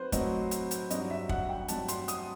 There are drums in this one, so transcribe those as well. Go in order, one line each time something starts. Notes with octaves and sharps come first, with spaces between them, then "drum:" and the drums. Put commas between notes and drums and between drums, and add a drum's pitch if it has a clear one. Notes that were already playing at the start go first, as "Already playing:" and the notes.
Already playing: F#3 C4 D#4 B4 C5
A2 F#3 C4 D#4 D#5, drum: kick, hi-hat
drum: hi-hat
drum: hi-hat
G2 F#3 C4 D#4 D#5, drum: hi-hat
E5
F#5, drum: kick
G5
G2 F#3 C4 D#4 A5, drum: hi-hat
C6, drum: hi-hat
D#6, drum: hi-hat